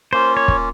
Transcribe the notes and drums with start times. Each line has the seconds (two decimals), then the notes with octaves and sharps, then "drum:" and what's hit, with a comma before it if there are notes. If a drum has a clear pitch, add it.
0.13 A#3 C#4 F4 C5
0.37 C#5
0.48 drum: kick